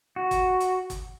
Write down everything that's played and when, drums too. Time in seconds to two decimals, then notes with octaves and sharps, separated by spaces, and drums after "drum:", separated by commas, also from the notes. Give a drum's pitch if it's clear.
0.16 F#4
0.31 drum: kick, hi-hat
0.60 drum: hi-hat
0.90 drum: kick, hi-hat